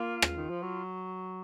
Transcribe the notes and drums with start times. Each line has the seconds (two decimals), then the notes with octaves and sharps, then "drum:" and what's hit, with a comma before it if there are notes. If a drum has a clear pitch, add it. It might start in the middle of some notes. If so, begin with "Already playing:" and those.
Already playing: A#3 F4
0.22 drum: rim click
0.36 D#3
0.50 F3
0.63 F#3